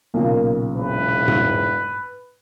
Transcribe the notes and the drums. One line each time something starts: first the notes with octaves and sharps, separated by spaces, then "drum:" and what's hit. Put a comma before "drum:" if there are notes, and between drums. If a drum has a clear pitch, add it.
B1 A#2 C#3 A#3
E1 B4
drum: tom G#2